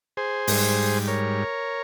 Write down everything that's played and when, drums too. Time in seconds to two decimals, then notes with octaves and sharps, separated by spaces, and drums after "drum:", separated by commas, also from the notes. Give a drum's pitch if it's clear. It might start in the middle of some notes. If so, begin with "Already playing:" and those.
0.17 G#4 C5
0.47 G#2 G3, drum: open hi-hat
1.07 A#4 C#5